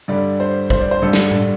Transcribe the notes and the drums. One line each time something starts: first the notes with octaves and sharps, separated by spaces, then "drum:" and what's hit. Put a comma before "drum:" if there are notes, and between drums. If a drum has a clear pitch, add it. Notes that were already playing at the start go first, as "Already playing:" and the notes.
G2 D3 G3 D5
C5
C5, drum: kick
D5
C5
G2 D3 G3 A4
drum: snare
drum: tom A2